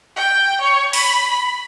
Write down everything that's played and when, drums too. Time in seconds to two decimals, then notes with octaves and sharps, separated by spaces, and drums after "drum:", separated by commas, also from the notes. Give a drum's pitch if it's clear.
0.16 G5
0.61 C#5
0.93 B5, drum: open hi-hat